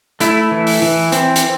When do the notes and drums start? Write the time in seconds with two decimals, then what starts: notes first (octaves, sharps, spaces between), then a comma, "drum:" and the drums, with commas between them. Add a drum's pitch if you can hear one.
0.20 A3 E4, drum: hi-hat
0.52 E3
0.67 drum: open hi-hat
0.82 E3
1.12 C4, drum: hi-hat
1.36 drum: hi-hat